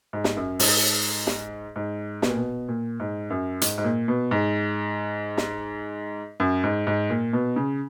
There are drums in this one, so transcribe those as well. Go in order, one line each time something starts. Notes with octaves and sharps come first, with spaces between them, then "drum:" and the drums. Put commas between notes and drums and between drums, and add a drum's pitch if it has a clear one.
G#2
drum: snare
F#2
G#2, drum: open hi-hat
drum: snare
G#2
B2, drum: snare
A#2
B2
A#2
G#2
F#2
G#2, drum: hi-hat
G#2
A#2
B2
G#2
drum: snare
F#2
G#2
G#2
A#2
B2
C#3